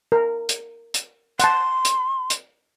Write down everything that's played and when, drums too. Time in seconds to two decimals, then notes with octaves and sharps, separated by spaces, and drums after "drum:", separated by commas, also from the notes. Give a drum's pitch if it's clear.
0.12 A#4
0.49 drum: hi-hat
0.94 drum: hi-hat
1.40 F#5 A5 C6, drum: hi-hat
1.85 drum: hi-hat
2.30 drum: hi-hat